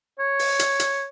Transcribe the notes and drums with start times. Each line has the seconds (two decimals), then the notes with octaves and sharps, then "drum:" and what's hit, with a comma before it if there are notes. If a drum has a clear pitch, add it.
0.19 C#5
0.39 drum: open hi-hat
0.59 drum: hi-hat
0.80 drum: hi-hat